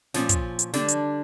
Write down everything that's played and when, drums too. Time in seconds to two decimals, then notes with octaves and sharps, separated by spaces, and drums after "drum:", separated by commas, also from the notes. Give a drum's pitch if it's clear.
0.14 A#2 F3 C#4, drum: snare
0.29 drum: kick, hi-hat
0.59 drum: hi-hat
0.74 D3 G3 D4, drum: snare
0.89 drum: hi-hat